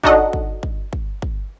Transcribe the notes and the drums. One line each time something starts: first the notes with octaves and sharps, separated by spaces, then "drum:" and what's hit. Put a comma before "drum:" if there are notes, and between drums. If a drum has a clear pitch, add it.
D4 D#4 F#4 A4 D#5 F#5, drum: kick
drum: kick
drum: kick
drum: kick
drum: kick